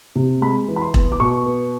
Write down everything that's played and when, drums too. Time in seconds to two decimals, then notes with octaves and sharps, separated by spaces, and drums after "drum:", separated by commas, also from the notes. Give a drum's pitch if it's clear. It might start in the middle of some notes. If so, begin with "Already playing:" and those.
0.16 C3
0.41 G#3 B5
0.68 E3
0.76 B5
0.82 C6
0.94 B3, drum: kick E1
1.12 D6
1.20 B2 C#6
1.46 B3